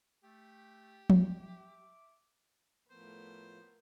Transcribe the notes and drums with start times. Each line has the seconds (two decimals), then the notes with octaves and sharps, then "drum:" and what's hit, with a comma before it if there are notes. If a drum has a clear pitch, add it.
0.24 A3 G4
1.10 drum: tom F3
1.39 E5 D6
2.90 A2 F3 A3 B3 A#4 C5